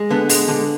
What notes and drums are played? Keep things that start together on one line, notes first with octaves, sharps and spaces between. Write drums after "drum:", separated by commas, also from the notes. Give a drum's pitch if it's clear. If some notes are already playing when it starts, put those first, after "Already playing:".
Already playing: G#3
D3 B3
G#3, drum: open hi-hat
D3